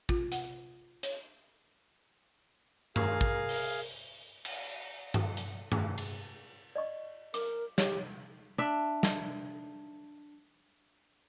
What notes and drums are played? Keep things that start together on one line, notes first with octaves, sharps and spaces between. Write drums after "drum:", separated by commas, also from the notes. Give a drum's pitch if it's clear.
F4, drum: kick
F#5, drum: hi-hat
C#5, drum: hi-hat
G#4 A#4 F5, drum: tom G2
drum: kick
drum: open hi-hat
drum: cymbal
drum: tom G2
drum: hi-hat
G#4, drum: tom G2
drum: cymbal
D5 D#5 C#6
A#4 D6, drum: hi-hat
G4 C#5, drum: snare
D4 E5
drum: snare